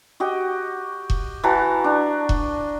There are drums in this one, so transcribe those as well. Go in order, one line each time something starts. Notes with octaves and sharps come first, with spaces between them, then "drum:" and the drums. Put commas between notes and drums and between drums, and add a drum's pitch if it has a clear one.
F#4 G4 D#5
drum: kick E1
E3 F#4 A5 A#5
D4
drum: kick E1